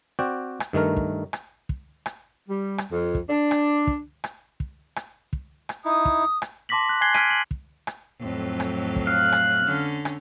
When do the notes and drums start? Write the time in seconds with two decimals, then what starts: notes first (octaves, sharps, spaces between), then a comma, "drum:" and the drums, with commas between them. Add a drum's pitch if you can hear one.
0.19 C4 F#4 D5 G5
0.60 drum: rim click
0.73 G2 D#3 A3 A#4
0.97 drum: kick
1.33 drum: rim click
1.69 drum: kick
2.06 drum: rim click
2.49 G3
2.78 drum: rim click
2.92 F2
3.15 drum: kick
3.29 D4
3.51 drum: rim click
3.87 drum: kick
4.24 drum: rim click
4.60 drum: kick
4.96 drum: rim click
5.33 drum: kick
5.69 drum: rim click
5.85 D#4 E4 D#6
6.05 drum: kick
6.42 drum: rim click
6.69 A5 C6 D6 A#6 B6 F#7
6.89 F#6
7.01 G#5 F#6 G#6 C7 G7
7.14 F6 G#6 B6 D7 D#7, drum: rim click
7.31 F#7
7.51 drum: kick
7.87 drum: rim click
8.20 F2 A2 F#3
8.60 drum: rim click
8.96 drum: kick
9.07 F5 F#6
9.32 drum: rim click
9.65 D3 C#4
10.05 drum: rim click